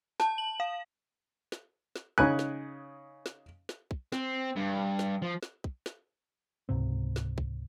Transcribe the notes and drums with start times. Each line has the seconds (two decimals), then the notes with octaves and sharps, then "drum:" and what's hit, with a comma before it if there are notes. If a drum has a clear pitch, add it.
0.20 A5, drum: snare
0.38 F#7
0.60 F5
1.52 drum: snare
1.96 drum: snare
2.18 C#3 D#4 G#5 F#6, drum: kick
2.39 drum: snare
3.26 drum: snare
3.69 drum: snare
3.91 drum: kick
4.12 C4, drum: snare
4.56 G2
4.99 drum: snare
5.22 F3
5.43 drum: snare
5.64 drum: kick
5.86 drum: snare
6.69 C#2 G#2 C3 C4
7.16 drum: snare
7.38 drum: kick